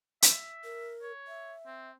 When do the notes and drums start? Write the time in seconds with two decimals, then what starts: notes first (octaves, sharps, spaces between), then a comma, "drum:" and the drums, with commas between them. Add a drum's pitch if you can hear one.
0.22 E5, drum: hi-hat
0.64 A#4
1.02 C#5
1.28 E5
1.66 C4